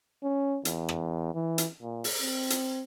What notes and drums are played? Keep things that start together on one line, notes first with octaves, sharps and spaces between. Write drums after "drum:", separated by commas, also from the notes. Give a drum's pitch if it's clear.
C#4
E2, drum: hi-hat
drum: rim click
E3
drum: hi-hat
A#2
drum: open hi-hat
C4
drum: hi-hat